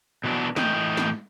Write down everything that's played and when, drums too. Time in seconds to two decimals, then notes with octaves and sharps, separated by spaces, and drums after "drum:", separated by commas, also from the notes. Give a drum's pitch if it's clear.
0.24 B2 E3 F#3 B3 D4
0.56 A2 E3 D#5 G5, drum: snare
0.97 drum: snare